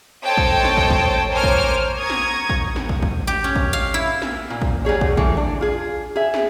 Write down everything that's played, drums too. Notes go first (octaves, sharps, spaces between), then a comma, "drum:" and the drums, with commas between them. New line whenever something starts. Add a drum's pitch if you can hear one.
A4 C5 C#5 D#5 G5 A5
drum: kick
drum: snare
drum: kick
drum: kick
A#4 C5 C#5 G#5 D6 F6
drum: kick
A#5 C#6 D#6 G#6
drum: snare
drum: kick
drum: snare
drum: kick
drum: kick
G4
C#4
drum: kick
F5
E4
drum: snare
A#2
drum: kick
F#3 G3 G#4 C#5
drum: kick
E3 A3 A#3, drum: kick
D4
F4 G#4
G#4 E5
drum: snare